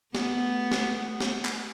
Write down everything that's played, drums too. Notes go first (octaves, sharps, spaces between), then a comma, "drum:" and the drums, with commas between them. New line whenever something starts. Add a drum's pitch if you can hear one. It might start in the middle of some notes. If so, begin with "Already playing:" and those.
A3 B3, drum: snare
drum: snare
drum: snare
drum: clap